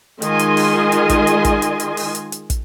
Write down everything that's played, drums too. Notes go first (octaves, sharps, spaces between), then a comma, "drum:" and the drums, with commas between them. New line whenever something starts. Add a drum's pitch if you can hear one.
D#3 G#3 F4 D#5 G#5 C6, drum: hi-hat
drum: hi-hat
drum: open hi-hat
drum: hi-hat
drum: kick, hi-hat
drum: hi-hat
drum: kick, hi-hat
drum: hi-hat
drum: hi-hat
drum: open hi-hat
drum: hi-hat
drum: hi-hat
drum: kick, hi-hat